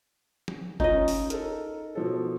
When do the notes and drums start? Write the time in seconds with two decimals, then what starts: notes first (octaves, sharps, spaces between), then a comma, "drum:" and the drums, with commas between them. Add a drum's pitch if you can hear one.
0.48 drum: tom
0.80 C#4 D#4 F4 D#5, drum: kick F#1
1.08 drum: open hi-hat
1.30 A4 A#4, drum: hi-hat
1.95 B2 F3 A4